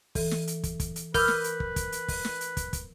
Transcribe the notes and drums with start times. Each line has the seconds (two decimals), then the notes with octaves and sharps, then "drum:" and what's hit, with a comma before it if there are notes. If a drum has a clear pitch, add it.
0.15 E3 A4, drum: kick, open hi-hat
0.31 drum: snare
0.47 drum: hi-hat
0.64 drum: kick, hi-hat
0.80 drum: kick, hi-hat
0.96 drum: hi-hat
1.14 A#4 B4 B5 D6 E6 F6 G6, drum: kick, open hi-hat
1.28 drum: snare
1.44 drum: hi-hat
1.60 drum: kick
1.76 drum: kick, hi-hat
1.92 drum: hi-hat
2.08 drum: kick, open hi-hat
2.25 drum: snare
2.41 drum: hi-hat
2.57 drum: kick, hi-hat
2.73 drum: kick, hi-hat